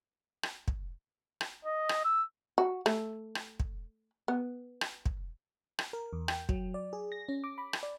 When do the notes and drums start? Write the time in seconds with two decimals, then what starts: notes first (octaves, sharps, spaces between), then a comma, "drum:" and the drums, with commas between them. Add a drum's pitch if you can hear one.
0.43 drum: rim click
0.68 drum: kick
1.41 drum: rim click
1.65 D#5
1.89 drum: rim click
2.05 E6
2.58 F#4
2.86 A3, drum: rim click
3.35 drum: rim click
3.60 drum: kick
4.28 B3
4.81 drum: rim click
5.06 drum: kick
5.79 drum: rim click
5.93 A#4
6.13 E2
6.28 G5, drum: rim click
6.49 F#3, drum: kick
6.74 D5
6.93 G#4
7.12 A#6
7.29 C#4
7.44 D6
7.58 B5
7.73 drum: rim click
7.83 D5